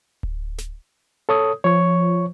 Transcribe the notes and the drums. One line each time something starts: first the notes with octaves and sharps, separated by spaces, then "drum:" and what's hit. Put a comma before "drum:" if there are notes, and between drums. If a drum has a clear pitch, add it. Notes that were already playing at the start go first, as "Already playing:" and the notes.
drum: kick D1
drum: snare
A4 C#5 D#6
F3 C#5 C#6